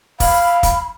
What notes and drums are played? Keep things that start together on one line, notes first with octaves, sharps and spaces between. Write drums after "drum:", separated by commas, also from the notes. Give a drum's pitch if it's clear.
F5 B5, drum: kick, open hi-hat
drum: kick, hi-hat